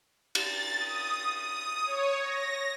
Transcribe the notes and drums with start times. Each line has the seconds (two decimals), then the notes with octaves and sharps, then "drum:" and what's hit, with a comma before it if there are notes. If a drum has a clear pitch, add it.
0.35 A6, drum: cymbal
0.78 D#6
1.36 D#6
1.85 C#5
2.21 A#6